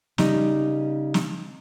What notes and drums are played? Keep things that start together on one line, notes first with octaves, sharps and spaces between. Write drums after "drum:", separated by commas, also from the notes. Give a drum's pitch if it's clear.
C#3 G3 D#4, drum: snare
drum: snare